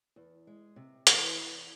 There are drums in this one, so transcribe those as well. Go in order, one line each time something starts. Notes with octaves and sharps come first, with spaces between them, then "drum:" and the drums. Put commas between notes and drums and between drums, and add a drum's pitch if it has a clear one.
E2
G#3
C3
E3, drum: hi-hat
E2